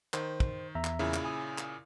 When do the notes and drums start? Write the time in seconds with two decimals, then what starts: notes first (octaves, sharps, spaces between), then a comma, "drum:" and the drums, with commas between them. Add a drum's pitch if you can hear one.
0.14 D#3 C5, drum: clap
0.40 drum: kick
0.75 E2 E5 A#5
0.85 drum: clap
0.99 A#2 C#3 E4
1.14 drum: clap
1.25 G#5 D#6
1.58 drum: clap